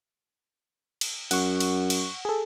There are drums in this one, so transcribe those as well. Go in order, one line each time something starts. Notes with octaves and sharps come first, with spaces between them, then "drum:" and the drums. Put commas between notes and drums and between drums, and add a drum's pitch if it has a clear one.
drum: cymbal
F#2 F#5 C#6, drum: cymbal
drum: cymbal
drum: cymbal
G#4 A4